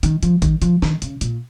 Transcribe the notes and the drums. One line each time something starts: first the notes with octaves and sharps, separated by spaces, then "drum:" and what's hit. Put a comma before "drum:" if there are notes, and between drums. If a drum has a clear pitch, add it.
D#3, drum: hi-hat
F3, drum: hi-hat
D#3, drum: kick, hi-hat
F3, drum: hi-hat
D#3, drum: snare
C#3, drum: hi-hat
A#2, drum: hi-hat